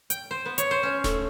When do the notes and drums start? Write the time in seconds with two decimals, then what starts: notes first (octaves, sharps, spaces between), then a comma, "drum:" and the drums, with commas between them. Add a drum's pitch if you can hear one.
0.10 G5, drum: hi-hat
0.31 C5
0.46 B3
0.58 C#5, drum: hi-hat
0.71 C5
0.83 C#4
1.04 A3, drum: snare D1